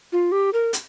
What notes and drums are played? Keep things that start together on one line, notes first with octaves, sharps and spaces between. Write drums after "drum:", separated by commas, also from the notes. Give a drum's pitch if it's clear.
F4
G4
A#4
drum: hi-hat